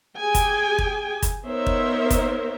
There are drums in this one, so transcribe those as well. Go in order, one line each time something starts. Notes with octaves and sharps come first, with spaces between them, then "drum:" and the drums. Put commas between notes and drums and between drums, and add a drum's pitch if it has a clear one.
G4 G#4 G5 G#5
drum: kick, hi-hat
drum: kick
drum: kick, hi-hat
B3 D#4 A#4 C5 C#5 E5
drum: kick
drum: kick, hi-hat